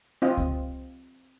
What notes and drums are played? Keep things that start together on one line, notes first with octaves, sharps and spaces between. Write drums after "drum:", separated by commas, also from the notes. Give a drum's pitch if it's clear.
C4 F4 D#5
drum: kick C#2